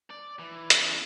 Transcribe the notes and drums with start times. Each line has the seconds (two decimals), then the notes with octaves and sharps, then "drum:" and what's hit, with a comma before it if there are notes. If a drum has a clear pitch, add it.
0.10 D5
0.39 E3
0.70 E2 C#3, drum: hi-hat